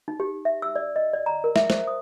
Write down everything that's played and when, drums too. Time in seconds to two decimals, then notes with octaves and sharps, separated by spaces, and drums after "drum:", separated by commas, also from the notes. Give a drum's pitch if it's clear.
0.08 D#4
0.20 G4
0.45 E5
0.62 E6
0.76 D5
0.96 D#5
1.14 D5
1.26 A#5
1.44 A#4
1.56 E5, drum: snare
1.70 C5, drum: snare
1.87 D#6